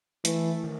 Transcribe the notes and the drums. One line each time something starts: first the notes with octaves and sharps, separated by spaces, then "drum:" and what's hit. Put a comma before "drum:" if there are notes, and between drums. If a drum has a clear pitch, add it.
E3 A3, drum: hi-hat
D#3